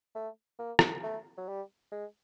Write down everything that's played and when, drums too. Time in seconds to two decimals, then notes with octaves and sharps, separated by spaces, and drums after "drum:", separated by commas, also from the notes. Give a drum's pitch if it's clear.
0.15 A3
0.59 A#3
0.79 drum: rim click
1.03 A3
1.37 F#3
1.48 G3
1.92 G#3